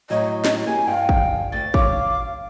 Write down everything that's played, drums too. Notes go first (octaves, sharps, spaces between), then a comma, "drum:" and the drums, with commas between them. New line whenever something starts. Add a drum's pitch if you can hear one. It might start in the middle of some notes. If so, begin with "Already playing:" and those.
A2 F#3 D#5
drum: snare
A#3 G4 G#5
G2 F5 G5
drum: kick
D2 A6
C#5 F5 D6, drum: kick